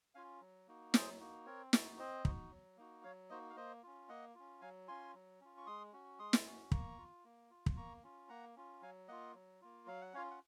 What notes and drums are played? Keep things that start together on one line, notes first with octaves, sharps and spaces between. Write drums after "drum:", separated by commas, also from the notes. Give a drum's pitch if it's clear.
C#4 F4 F5 G#5
F#3
A#3 D#4 F#4
F#3 G#4 C5, drum: snare
A#3 D#4 F#4
C4 A#4 C#5
D#4 F#4, drum: snare
C4 C5 D#5
D#4 F#4, drum: kick
F#3
A#3 D#4 F#4
F#3 C#5 F5
A#3 D#4 F#4 C5 D#5
F5
A#3 C5 D#5
C#4 F4
A#3 D#5 F#5
C#4 F4
F#3 F5 G#5
C#4 F4 G#5 C6
F#3
C#4 F4
C#6
G#3 C6 D#6
C#4 F#4
G#3 C6 D#6
drum: snare
C#4 F#4
A#3 A#5 C#6, drum: kick
F4
A#3
F4
drum: kick
A#3 A#5 C#6
C#4 F4
A#3 F#5 A#5
C#4 F4
F#3 F5 G#5
A#3 F4 D#5 F#5
F#3
A#3 F4
F#3 F5
F#5
C#4 F4 C#5 F5
F#5